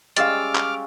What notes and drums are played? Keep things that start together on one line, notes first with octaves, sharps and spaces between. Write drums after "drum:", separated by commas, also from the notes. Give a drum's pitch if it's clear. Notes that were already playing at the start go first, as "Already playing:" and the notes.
G3 G#3 C#4 F5 D6 E6 F6 A6, drum: hi-hat
drum: clap